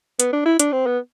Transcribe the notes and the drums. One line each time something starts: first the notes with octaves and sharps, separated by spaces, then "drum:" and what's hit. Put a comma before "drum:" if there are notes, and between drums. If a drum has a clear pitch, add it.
B3, drum: hi-hat
D4
E4
D4, drum: hi-hat
C4
B3